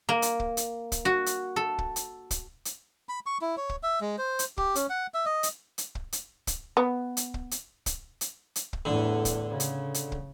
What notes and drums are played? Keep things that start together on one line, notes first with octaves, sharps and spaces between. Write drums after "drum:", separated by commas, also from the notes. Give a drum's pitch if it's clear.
A#3
drum: hi-hat
drum: kick
drum: hi-hat
drum: kick, hi-hat
F#4
drum: hi-hat
A4
drum: kick
drum: hi-hat
drum: kick, hi-hat
drum: hi-hat
B5
C#6
E4
C#5
drum: kick
E5
G#3
C5
drum: hi-hat
G4, drum: kick
C#4, drum: hi-hat
F#5
E5
D#5
drum: hi-hat
drum: hi-hat
drum: kick
drum: hi-hat
drum: kick, hi-hat
B3
drum: hi-hat
drum: kick
drum: hi-hat
drum: kick, hi-hat
drum: hi-hat
drum: hi-hat
drum: kick
E2 A2 D3
drum: kick, hi-hat
C#3
drum: hi-hat
drum: hi-hat
drum: kick